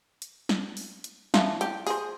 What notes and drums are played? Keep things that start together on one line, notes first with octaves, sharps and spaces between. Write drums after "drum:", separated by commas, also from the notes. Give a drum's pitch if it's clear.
drum: hi-hat
drum: snare
drum: open hi-hat
drum: hi-hat
E3 F3 F4, drum: snare
G4, drum: hi-hat
G#4 C5, drum: open hi-hat